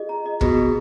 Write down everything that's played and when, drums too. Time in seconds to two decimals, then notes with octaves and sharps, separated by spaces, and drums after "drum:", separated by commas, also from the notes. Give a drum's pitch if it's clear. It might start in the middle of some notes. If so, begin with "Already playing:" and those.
Already playing: F4 G#4 D#5
0.09 A#5
0.26 D#5
0.41 B2 G#4, drum: kick
0.56 G#4